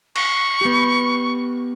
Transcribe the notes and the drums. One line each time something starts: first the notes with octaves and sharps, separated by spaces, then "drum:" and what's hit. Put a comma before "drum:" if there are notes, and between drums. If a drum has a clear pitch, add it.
C#6, drum: cymbal
B3 G4